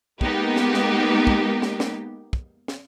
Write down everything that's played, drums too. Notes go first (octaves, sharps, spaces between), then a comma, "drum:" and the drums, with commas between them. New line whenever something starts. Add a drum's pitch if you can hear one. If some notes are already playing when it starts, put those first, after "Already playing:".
G#3 A#3 B3 D#4 G4, drum: kick
drum: snare
drum: snare
drum: kick
drum: snare
drum: snare
drum: kick
drum: snare